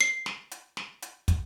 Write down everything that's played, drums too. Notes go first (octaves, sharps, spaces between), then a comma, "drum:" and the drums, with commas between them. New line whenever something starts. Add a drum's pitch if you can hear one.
C7
drum: snare
drum: hi-hat
drum: snare
drum: hi-hat
drum: kick, hi-hat